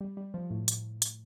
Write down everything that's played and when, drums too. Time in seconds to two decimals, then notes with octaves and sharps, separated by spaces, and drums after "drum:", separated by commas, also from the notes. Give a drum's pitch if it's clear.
0.01 G3
0.17 G3
0.34 F3
0.50 A2
0.68 drum: hi-hat
1.02 drum: hi-hat